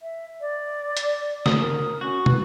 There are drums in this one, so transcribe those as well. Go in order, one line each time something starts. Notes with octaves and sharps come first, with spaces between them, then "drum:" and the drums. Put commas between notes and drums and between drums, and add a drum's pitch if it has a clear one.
E5
D5
drum: hi-hat
D#6, drum: snare
A#4
C#4 F#4
B4, drum: tom